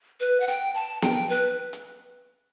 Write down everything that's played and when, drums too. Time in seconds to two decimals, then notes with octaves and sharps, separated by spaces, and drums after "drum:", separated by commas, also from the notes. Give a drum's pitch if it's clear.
0.20 B4
0.40 F#5
0.48 G5, drum: hi-hat
0.74 A5
1.02 G5, drum: snare
1.29 B4
1.73 drum: hi-hat